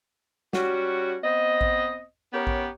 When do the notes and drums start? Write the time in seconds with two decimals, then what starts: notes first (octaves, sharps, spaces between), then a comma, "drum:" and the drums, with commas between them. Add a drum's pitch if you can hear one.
0.53 G3 C#4 F#4, drum: snare
1.24 B3 C4 D#5
1.61 drum: kick A1
2.33 B3 C#4 G4 A#4 C#5
2.47 drum: kick A1